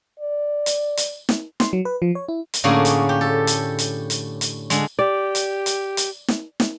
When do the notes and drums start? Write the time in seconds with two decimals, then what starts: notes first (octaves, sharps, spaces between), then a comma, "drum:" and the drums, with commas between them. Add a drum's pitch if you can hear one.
0.20 D5
0.66 drum: hi-hat
0.97 drum: hi-hat
1.29 drum: snare
1.60 C6, drum: snare
1.73 F#3
1.85 B4
2.02 F3
2.15 C#5
2.29 E4
2.54 drum: hi-hat
2.64 A2 D3 A#3 C#4 G#4
2.85 drum: hi-hat
3.09 G4
3.21 A4
3.47 drum: hi-hat
3.79 drum: hi-hat
4.10 drum: hi-hat
4.41 drum: hi-hat
4.70 D3 G#3, drum: hi-hat
4.99 G4 D5
5.35 drum: hi-hat
5.66 drum: hi-hat
5.97 drum: hi-hat
6.28 drum: snare
6.60 drum: snare